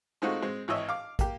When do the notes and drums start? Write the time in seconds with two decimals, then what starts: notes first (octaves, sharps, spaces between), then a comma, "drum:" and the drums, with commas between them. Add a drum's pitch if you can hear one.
0.22 G#3 A3 C4 D#4 F4 F#4
0.42 G#3 C4
0.68 G#1 E3 C#5 D#5 E5
0.89 F5 D6
1.19 A#3 G4, drum: kick, hi-hat